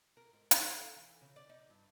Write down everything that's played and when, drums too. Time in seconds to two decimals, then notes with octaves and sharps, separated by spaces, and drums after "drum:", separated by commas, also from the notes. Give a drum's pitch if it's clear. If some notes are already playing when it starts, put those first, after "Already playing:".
0.17 A#4
0.33 G#2
0.51 D3, drum: hi-hat
0.71 F5
0.96 E3
1.21 C#3
1.36 D5
1.49 D#4
1.70 G2